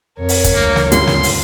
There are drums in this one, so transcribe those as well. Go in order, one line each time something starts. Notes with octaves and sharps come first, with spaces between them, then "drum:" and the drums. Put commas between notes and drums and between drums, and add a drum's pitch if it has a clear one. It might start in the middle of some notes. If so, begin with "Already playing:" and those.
F2 A#4 C#5
drum: open hi-hat
drum: kick, hi-hat
D2 G2 A#3
drum: snare
C#2 C6, drum: hi-hat
drum: snare
drum: open hi-hat